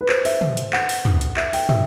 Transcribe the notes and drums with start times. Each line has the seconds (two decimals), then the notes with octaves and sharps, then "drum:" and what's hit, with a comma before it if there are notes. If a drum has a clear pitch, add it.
0.01 B4
0.09 C5, drum: clap
0.25 E5, drum: open hi-hat
0.41 drum: tom
0.57 drum: hi-hat
0.73 F#5, drum: clap
0.89 drum: open hi-hat
1.05 drum: tom
1.21 drum: hi-hat
1.37 E5, drum: clap
1.53 G5, drum: open hi-hat
1.69 E5, drum: tom